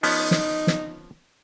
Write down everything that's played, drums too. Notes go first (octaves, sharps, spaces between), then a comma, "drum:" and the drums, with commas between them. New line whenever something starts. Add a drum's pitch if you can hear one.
F3 B3 C#4 D#4, drum: open hi-hat
drum: snare
drum: snare